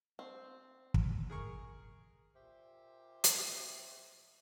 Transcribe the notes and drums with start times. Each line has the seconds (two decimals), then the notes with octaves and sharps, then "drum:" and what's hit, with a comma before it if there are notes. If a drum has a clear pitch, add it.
0.19 C4
0.94 drum: kick
1.30 G#4 A#4 C#6
2.34 A#2 G4 C5 E5
3.24 drum: hi-hat